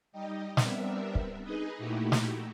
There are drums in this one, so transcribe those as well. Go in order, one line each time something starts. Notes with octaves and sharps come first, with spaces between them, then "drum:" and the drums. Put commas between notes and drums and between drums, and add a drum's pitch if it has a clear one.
G3 D#4 G4 D#5
G3 B3 C4 D4 A#4 E5, drum: snare
drum: kick
D#4 G#4 B4 D#5
A#2 A3 D#4 E4 F#4 G4
drum: snare